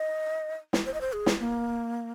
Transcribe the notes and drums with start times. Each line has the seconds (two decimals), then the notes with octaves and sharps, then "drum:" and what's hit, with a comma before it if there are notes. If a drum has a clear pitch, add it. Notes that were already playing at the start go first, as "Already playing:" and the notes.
Already playing: D#5
0.73 drum: snare
0.86 C5
0.94 D#5
1.01 C5
1.13 G#4
1.26 drum: snare
1.40 A#3